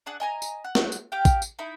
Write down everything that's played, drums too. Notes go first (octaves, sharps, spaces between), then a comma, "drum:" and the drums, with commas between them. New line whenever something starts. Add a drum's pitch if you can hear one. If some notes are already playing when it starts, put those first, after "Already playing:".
D4 G#4 F#5
D#5 G#5 A#5
drum: tambourine
F#5
drum: snare
drum: tambourine
G4 F5 G5
drum: kick, tambourine
drum: tambourine
D#4 E4 B5